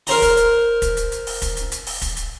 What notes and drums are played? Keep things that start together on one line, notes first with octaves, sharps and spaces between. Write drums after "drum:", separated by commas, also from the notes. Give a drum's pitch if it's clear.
A#4 C5 A#5, drum: open hi-hat
drum: kick, hi-hat
drum: hi-hat
drum: kick, hi-hat
drum: hi-hat
drum: hi-hat
drum: open hi-hat
drum: kick, hi-hat
drum: hi-hat
drum: hi-hat
drum: open hi-hat
drum: kick, hi-hat
drum: hi-hat